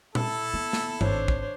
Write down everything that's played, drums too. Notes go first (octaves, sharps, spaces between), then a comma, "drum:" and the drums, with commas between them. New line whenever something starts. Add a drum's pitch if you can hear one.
E4 A4 A5, drum: tom A#2
B3
drum: snare
G#1 D4 C5 C#5, drum: tom G2
drum: kick